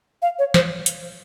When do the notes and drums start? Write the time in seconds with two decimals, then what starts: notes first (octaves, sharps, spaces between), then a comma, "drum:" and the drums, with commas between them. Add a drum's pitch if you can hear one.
0.22 F5
0.39 C#5
0.54 C5, drum: snare
0.86 drum: hi-hat